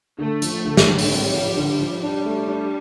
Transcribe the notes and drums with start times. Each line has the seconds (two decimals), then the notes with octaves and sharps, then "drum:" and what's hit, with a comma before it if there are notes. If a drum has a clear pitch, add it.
0.18 D3 A3
0.42 F3, drum: hi-hat
0.65 D3
0.77 drum: snare
0.88 D3
0.99 drum: open hi-hat
1.10 G3 C4
1.34 F3
1.57 D3
1.79 F3
2.03 G3 D4
2.25 A3
2.48 D4